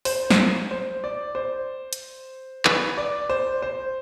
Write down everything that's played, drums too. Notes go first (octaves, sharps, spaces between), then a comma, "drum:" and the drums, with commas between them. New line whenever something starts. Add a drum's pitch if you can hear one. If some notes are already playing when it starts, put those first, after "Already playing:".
C5, drum: open hi-hat
drum: snare
C5
D5
C5
drum: hi-hat
B4, drum: clap
D5
C5
C5